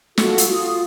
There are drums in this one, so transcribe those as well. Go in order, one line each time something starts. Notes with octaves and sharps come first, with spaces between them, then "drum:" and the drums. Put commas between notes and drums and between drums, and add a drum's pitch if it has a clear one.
F4 F#4 A4, drum: snare
drum: hi-hat
F4 D#6